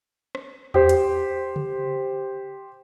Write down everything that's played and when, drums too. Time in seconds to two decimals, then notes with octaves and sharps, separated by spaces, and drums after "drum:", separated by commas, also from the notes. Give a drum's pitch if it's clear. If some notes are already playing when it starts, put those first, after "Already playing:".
0.35 drum: rim click
0.74 G4 C5, drum: tom E2
0.89 drum: hi-hat
1.56 drum: tom C#3